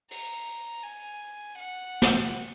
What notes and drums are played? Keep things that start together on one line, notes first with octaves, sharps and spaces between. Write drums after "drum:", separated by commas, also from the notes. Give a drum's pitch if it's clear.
A#5, drum: open hi-hat
G#5
F#5
drum: snare